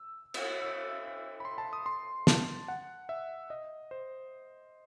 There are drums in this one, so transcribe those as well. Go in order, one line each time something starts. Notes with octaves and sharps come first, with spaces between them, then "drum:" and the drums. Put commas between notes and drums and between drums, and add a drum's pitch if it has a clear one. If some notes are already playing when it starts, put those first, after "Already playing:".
Already playing: E6
drum: cymbal
E6
B5
C6
A5
D#6
C6
A5, drum: snare
F#5
E5
D#5
C5